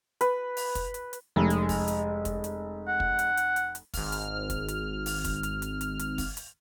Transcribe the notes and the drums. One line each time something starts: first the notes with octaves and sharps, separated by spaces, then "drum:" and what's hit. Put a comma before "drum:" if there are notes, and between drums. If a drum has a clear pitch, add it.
B4, drum: hi-hat
drum: open hi-hat
drum: kick, hi-hat
drum: hi-hat
drum: hi-hat
F1 G#3
drum: hi-hat
drum: kick, open hi-hat
drum: hi-hat
drum: kick, hi-hat
drum: hi-hat
F#5
drum: kick
drum: hi-hat
drum: hi-hat
drum: hi-hat
drum: hi-hat
G#1 F6, drum: kick, open hi-hat
drum: hi-hat
drum: kick, hi-hat
drum: hi-hat
drum: open hi-hat
drum: kick, hi-hat
drum: hi-hat
drum: hi-hat
drum: hi-hat
drum: hi-hat
drum: kick, open hi-hat
drum: hi-hat